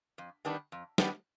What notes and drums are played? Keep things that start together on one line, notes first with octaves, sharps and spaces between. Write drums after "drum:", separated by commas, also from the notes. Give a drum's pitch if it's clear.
F2
D#3 G3 B3 D4
F2
D#3 G3 B3 D4, drum: snare